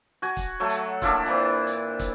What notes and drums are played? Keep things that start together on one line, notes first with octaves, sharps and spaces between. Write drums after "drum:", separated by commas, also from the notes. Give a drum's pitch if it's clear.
F#4 G#5
drum: kick, hi-hat
F#3 A3
drum: hi-hat
A#3 D4 E4 F4, drum: kick, hi-hat
A#2 E3 C4
drum: hi-hat
drum: kick, hi-hat